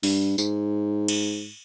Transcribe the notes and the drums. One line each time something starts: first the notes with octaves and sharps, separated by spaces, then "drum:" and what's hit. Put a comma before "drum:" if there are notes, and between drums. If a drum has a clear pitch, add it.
G2, drum: open hi-hat
G#2, drum: tambourine
drum: cymbal